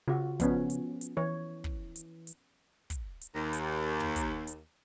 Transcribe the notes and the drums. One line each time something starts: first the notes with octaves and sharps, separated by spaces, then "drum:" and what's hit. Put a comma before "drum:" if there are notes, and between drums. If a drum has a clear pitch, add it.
C#3 F4 F#4
F3 B3 C#4, drum: kick, hi-hat
drum: hi-hat
drum: hi-hat
E3 C#5
drum: kick
drum: hi-hat
drum: hi-hat
drum: kick, hi-hat
drum: hi-hat
D#2
drum: hi-hat
drum: tom
drum: kick, hi-hat
drum: hi-hat